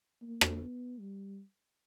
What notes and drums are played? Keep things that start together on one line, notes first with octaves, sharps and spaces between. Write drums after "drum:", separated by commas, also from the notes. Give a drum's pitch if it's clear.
A#3
drum: rim click
B3
G3